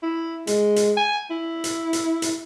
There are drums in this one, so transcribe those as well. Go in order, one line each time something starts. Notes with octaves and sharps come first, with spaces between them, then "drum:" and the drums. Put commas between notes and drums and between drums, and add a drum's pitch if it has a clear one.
E4
G#3, drum: hi-hat
drum: hi-hat
G#5
E4
drum: hi-hat
drum: hi-hat
drum: hi-hat